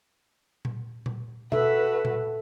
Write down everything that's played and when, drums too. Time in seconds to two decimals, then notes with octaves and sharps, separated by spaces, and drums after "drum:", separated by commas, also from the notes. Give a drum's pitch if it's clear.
0.65 drum: tom A#2
1.06 drum: tom A#2
1.52 F#4 A4 B4 E5, drum: tom B2
2.05 drum: tom A#2